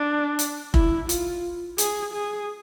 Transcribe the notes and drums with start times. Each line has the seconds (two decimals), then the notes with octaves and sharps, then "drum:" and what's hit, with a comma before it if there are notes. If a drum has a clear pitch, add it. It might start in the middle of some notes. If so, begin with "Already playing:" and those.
Already playing: D4
0.39 drum: hi-hat
0.74 E4, drum: kick F1
1.09 F4, drum: hi-hat
1.78 G#4, drum: hi-hat
2.14 G#4